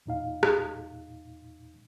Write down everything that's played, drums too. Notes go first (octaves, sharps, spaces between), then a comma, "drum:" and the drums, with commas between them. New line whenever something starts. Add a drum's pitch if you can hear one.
E2 A#2 D#4 F5
drum: rim click